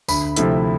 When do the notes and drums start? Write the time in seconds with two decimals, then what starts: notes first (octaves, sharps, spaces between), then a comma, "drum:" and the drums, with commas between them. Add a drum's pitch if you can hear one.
0.08 D2 B5, drum: tambourine
0.37 C3 F3 A3 E4, drum: hi-hat